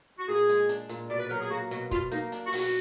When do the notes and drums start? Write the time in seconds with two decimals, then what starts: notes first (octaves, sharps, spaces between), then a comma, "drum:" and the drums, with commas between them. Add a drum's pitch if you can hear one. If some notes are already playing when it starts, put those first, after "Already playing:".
0.18 F#4
0.28 A#2 G#4
0.49 G#3, drum: hi-hat
0.69 D4, drum: hi-hat
0.89 A#2, drum: hi-hat
1.09 B2 D5
1.19 B4
1.30 F#3 A#4
1.40 G#4
1.51 A#3 F#4
1.71 B2 F#4, drum: hi-hat
1.91 B2 F4, drum: kick, hi-hat
2.12 A#3 D#4, drum: hi-hat
2.32 D4, drum: hi-hat
2.46 F#4
2.53 B2, drum: open hi-hat
2.59 F#4